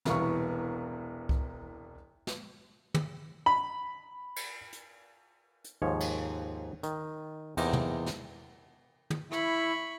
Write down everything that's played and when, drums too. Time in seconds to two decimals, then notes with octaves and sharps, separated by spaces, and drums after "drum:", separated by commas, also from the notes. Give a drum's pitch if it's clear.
0.05 E1 C2 E3 B3 F5 C#6, drum: snare
1.29 drum: kick C2
2.27 drum: snare
2.94 drum: tom
3.46 B5
4.36 drum: cymbal
4.73 drum: hi-hat
5.64 drum: hi-hat
5.82 D#2 G#2 F3 C#5
6.00 drum: cymbal
6.83 D#3, drum: hi-hat
7.57 E2 C3 A#3 C4 D#4, drum: cymbal
7.73 drum: tom
8.06 drum: snare
9.10 drum: tom
9.32 E4 B5 C#6, drum: rim click